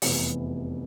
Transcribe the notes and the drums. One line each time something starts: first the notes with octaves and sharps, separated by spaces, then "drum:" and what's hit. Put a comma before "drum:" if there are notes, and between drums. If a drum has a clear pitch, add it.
F1 E2 C3 E3, drum: open hi-hat